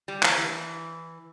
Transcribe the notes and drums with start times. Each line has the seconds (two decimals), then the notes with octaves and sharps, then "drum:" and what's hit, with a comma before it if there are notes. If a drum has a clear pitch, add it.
0.08 G3
0.23 E3, drum: clap
0.37 E3